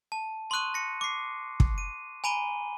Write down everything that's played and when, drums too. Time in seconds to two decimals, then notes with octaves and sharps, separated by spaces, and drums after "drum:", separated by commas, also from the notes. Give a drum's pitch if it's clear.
0.12 A5
0.50 A5 C6 C#6 D#6 F#6 D#7
0.74 A#6 C#7
1.01 D6 C7
1.60 drum: kick
1.78 D#7
2.24 G#5 A#5 B5 D#7 F#7 G7